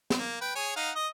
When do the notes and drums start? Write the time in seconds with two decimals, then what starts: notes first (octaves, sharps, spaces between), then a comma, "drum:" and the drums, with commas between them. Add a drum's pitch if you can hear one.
0.10 drum: snare
0.20 A#3
0.41 B4 G5
0.56 G#4 C#5 G#5
0.76 D#4 F5 F#5
0.96 D#5 D#6